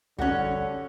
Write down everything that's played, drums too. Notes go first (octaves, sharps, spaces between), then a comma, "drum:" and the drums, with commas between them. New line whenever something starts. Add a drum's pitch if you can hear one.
D3 G3 C#4 F#4 F#5, drum: kick